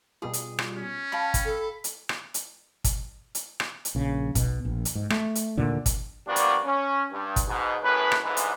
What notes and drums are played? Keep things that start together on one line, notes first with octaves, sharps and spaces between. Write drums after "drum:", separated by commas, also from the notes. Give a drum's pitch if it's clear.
B2 G3 F4 G#4
drum: hi-hat
drum: rim click
C#4
F5 G5 A5 B5
drum: kick, hi-hat
A4
drum: hi-hat
drum: rim click
drum: hi-hat
drum: kick, hi-hat
drum: hi-hat
drum: rim click
drum: hi-hat
A#1 C#3
B1 B2, drum: kick, hi-hat
A#1
drum: hi-hat
G#2
A3, drum: rim click
drum: hi-hat
D#2 A#2 D3
drum: kick, hi-hat
F3 G3 A#3 B3 D4 F#4
drum: hi-hat
C#4
G2
drum: kick, hi-hat
G#2 B2
F#2 A2 G#4 B4
drum: rim click
B1 G#2 D3 E3 B3
drum: hi-hat